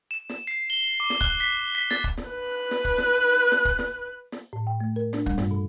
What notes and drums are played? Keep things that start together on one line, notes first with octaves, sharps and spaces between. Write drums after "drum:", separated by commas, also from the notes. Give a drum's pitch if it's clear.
E7
drum: snare
C7
G7
D6
drum: snare
F#6, drum: kick
B6
B6
A6, drum: snare
drum: kick
drum: snare
B4 F#6
drum: snare
drum: kick
drum: snare
drum: snare
drum: kick
drum: snare
drum: snare
A2
G5
A3
A#4
D4, drum: snare
G3, drum: kick
G2, drum: snare
B2